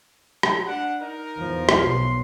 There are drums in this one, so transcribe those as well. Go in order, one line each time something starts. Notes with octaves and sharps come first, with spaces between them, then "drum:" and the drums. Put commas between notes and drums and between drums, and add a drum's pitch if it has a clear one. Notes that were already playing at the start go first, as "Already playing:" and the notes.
drum: rim click
D4 F#5
D#4 A#4
E2 F3
drum: rim click
B1 C6